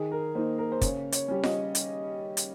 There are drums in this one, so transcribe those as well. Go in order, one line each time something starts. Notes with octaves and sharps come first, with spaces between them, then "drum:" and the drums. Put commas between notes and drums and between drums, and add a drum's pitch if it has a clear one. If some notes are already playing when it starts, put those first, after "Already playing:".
Already playing: D#3 G#4
A#4
A#3 D#4 C5
A#4
C5
C#3 C#5, drum: kick, hi-hat
C#5, drum: hi-hat
G3 C#4
D#5, drum: snare F4
drum: hi-hat
drum: hi-hat